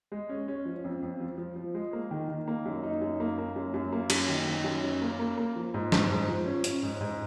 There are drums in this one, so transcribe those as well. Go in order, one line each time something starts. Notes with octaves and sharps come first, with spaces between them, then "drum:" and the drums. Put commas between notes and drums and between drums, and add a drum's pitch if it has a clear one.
G#3
C#4
C#4
F3
F2
F2
F3
F3
F3
G#3
A#3
D#3
D#3
A#3
F#2
D#4
F#2
A#3
A#3
F#2
F#2
A#3
F#2, drum: cymbal
D#3
D#3
F#2
C#4
A#3
A#3
A#3
F3
G#2
G#2, drum: snare
G#2
F3
C#4
C#4, drum: hi-hat
G#2
G#2